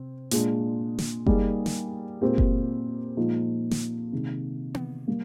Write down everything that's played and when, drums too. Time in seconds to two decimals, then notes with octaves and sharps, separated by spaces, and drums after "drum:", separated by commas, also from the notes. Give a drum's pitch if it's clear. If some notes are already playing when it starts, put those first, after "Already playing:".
Already playing: C3 C4
0.31 A#2 G#3 D4, drum: hi-hat
0.99 drum: snare
1.26 G3 A#3 D#4 G#4, drum: kick F#1
1.66 drum: snare
2.21 A#2 G#3 C4 G4 A#4
2.38 drum: kick F#1
3.17 A#2 F3 G#3 D#4
3.71 drum: snare
4.13 C3 D#3 G#3
4.74 drum: tom B3
5.08 G3 A#3